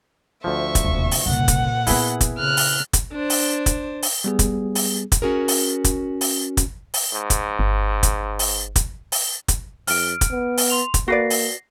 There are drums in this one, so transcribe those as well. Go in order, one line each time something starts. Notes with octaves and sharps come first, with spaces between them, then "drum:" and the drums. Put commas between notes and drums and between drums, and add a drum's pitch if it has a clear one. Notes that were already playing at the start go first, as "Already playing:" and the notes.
D2 F3 E5 C#6
drum: kick, hi-hat
E1 D#2 C3
drum: open hi-hat
F#1 C2 A#2 F#5
drum: kick, hi-hat
B3 C4 E4 G#4 B4, drum: open hi-hat
drum: kick, hi-hat
C#3 F6 F#6
drum: open hi-hat
drum: kick, hi-hat
D4 C5
drum: open hi-hat
drum: kick, hi-hat
drum: open hi-hat
G3 B3 G#4
drum: kick, hi-hat
drum: open hi-hat
drum: kick, hi-hat
C#4 F#4 G#4 A#4
drum: open hi-hat
drum: kick, hi-hat
drum: open hi-hat
drum: kick, hi-hat
drum: open hi-hat
G#2
drum: kick, hi-hat
G1
drum: kick, hi-hat
drum: open hi-hat
drum: kick, hi-hat
drum: open hi-hat
drum: kick, hi-hat
F2 F6 D7, drum: open hi-hat
drum: kick, hi-hat
B3
drum: open hi-hat
C6 F7
drum: kick, hi-hat
A#3 F#4 B4 D5 A#6 C7
drum: open hi-hat